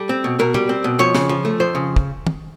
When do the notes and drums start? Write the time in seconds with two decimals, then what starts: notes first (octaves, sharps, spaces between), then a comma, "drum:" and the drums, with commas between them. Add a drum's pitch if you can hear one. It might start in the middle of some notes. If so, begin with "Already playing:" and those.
Already playing: G3 A4
0.09 C4
0.24 B2
0.39 B2 A#4
0.54 G3, drum: tom
0.69 C4
0.84 B2
0.99 F2 C#5
1.14 C#3, drum: snare
1.29 F3
1.45 A3
1.60 F2 C5
1.75 C#3
1.96 drum: kick
2.27 drum: tom